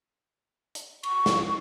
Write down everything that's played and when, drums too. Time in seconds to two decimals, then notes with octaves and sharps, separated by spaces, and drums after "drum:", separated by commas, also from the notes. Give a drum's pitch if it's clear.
0.75 drum: hi-hat
1.03 C#6, drum: cymbal
1.26 drum: snare